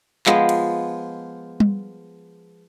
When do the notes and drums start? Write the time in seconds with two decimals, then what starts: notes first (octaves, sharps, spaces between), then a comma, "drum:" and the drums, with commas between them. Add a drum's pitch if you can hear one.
0.26 F3 G#3 B3, drum: clap
0.49 drum: cymbal
1.60 drum: tom G3